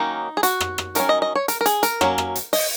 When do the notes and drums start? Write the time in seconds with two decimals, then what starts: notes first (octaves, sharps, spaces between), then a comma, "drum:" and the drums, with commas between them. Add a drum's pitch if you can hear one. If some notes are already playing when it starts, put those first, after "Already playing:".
Already playing: D#3 F#3 A#3 C#4 D#4
0.37 G#4
0.43 F#4, drum: hi-hat
0.61 drum: rim click
0.78 drum: rim click
0.95 D#3 F#3 C#4 A#4, drum: hi-hat
1.09 D#5
1.22 D#5
1.35 C#5
1.48 A#4, drum: hi-hat
1.61 A#4
1.66 G#4, drum: hi-hat
1.83 A#4, drum: hi-hat
2.01 F#3 A#3 C#4, drum: rim click
2.18 drum: rim click
2.35 drum: hi-hat
2.53 D#5, drum: open hi-hat